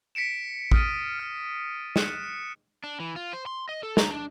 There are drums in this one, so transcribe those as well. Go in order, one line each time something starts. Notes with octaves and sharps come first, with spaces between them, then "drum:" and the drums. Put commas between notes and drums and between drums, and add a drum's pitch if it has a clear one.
B6 C#7 D7 E7
D#6 F6 A6 A#6 D#7, drum: kick
F6
F#6 C#7 E7, drum: snare
D4
E3
F4
C5
C6
D#5
A4
A#5, drum: snare
D4